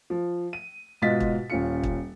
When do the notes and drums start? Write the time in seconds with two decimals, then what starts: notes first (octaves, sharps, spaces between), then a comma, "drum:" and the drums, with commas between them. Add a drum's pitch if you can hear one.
0.10 F3
0.53 D#7
1.02 G#2 B2 F4 D#5 A6 B6
1.20 drum: kick
1.50 D#1 C#4 F4 C#7
1.84 drum: kick